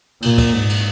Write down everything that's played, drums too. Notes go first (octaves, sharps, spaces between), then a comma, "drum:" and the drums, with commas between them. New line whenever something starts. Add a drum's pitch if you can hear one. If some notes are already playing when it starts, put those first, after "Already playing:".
A#2, drum: cymbal
drum: kick, cymbal
G#2
drum: cymbal